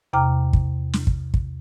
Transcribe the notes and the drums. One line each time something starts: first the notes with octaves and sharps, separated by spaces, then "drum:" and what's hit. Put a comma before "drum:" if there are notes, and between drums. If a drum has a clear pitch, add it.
E2 C3 G5 A#5 D6 F6
drum: kick
drum: snare
drum: kick
drum: kick